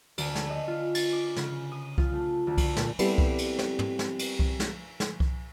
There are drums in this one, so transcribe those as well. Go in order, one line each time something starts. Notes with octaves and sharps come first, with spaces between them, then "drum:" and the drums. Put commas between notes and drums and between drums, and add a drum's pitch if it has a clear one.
D2, drum: cymbal
drum: snare
D#5
F4
A6, drum: cymbal
D6
C#3, drum: snare
D#6
F4, drum: kick C2
A3
D2
drum: kick C2, cymbal
A#2, drum: snare
G3 B3 C4 E4 G4 A4, drum: cymbal
drum: kick C2
drum: cymbal
drum: snare
drum: tom
drum: snare
drum: cymbal
drum: kick C2
drum: snare
drum: snare
drum: kick C2